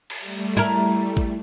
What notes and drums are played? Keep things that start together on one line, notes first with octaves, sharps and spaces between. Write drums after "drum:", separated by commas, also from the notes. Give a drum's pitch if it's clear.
drum: cymbal
G3 A3
E4 A#4
drum: kick